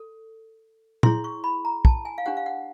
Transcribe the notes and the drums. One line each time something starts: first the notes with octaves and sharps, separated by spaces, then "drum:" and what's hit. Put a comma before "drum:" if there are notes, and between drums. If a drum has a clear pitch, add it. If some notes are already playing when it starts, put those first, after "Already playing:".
Already playing: A4
E4 G#4 C#5 C6, drum: tom
C#6
B5
A#5
A5, drum: kick
G#5
F5
D4 G4 C5 F#5
F5
F#5